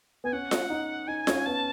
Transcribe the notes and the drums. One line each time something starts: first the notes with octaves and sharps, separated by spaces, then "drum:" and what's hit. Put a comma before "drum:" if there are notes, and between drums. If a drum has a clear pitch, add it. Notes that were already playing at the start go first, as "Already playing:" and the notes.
B3 G#5
C#4 F#5
drum: snare F4
D#4
D#4 G#5
C#4, drum: snare F4
B3 A5